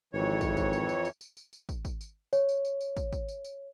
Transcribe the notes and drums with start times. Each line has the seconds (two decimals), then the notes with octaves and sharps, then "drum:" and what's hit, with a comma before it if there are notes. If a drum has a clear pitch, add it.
0.13 G#1 F2 E3 C#5
0.41 drum: kick, tambourine
0.57 drum: kick, tambourine
0.73 drum: tambourine
0.89 drum: tambourine
1.05 drum: tambourine
1.21 drum: tambourine
1.37 drum: tambourine
1.53 drum: tambourine
1.69 drum: kick, tambourine
1.85 drum: kick, tambourine
2.01 drum: tambourine
2.33 C#5, drum: tambourine
2.49 drum: tambourine
2.65 drum: tambourine
2.81 drum: tambourine
2.97 drum: kick, tambourine
3.13 drum: kick, tambourine
3.29 drum: tambourine
3.44 drum: tambourine